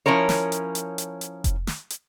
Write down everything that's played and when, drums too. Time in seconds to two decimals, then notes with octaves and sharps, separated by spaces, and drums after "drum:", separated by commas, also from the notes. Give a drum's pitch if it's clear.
0.06 F3 C#4 E4 A#4 C#5
0.29 drum: snare
0.52 drum: hi-hat
0.75 drum: hi-hat
0.98 drum: hi-hat
1.21 drum: hi-hat
1.44 drum: kick F1, hi-hat
1.67 drum: snare
1.90 drum: hi-hat